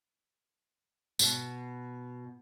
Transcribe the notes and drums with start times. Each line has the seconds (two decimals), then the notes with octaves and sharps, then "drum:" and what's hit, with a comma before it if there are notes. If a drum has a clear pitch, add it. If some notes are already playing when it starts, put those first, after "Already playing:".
1.19 B2, drum: tambourine